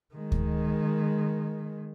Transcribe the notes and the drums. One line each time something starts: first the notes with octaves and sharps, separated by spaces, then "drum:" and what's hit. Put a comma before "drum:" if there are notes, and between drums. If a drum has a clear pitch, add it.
D#3 G#3
drum: kick D2